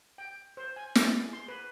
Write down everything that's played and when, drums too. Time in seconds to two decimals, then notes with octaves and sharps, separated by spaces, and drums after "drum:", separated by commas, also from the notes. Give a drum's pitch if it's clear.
0.18 G5
0.57 C5
0.76 G#5
0.95 D5, drum: snare
1.14 G#4
1.33 C6
1.48 B4